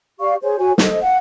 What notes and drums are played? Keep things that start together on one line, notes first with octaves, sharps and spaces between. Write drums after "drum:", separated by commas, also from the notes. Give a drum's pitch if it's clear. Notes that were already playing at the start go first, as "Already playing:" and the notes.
G4 D5 F5 C#6
G#4 C5 C#5
F#4 C#5 G#5
A4 C5 D#5, drum: snare
F5 F#5